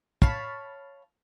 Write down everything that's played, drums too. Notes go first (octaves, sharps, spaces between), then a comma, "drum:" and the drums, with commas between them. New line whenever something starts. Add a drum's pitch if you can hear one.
C#5 F5 A5 B5, drum: kick